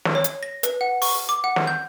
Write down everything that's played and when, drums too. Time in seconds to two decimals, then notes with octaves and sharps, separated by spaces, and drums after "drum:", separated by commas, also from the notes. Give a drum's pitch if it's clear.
0.05 drum: snare
0.15 C#5
0.24 drum: hi-hat
0.43 A#6
0.63 B4, drum: hi-hat
0.81 F#5
1.02 C#6, drum: open hi-hat
1.29 D6
1.44 F#5
1.56 drum: snare
1.67 G6